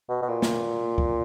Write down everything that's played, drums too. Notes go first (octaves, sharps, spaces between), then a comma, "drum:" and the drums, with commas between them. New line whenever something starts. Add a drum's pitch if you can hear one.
B2
B2
A#2
drum: snare
drum: kick C2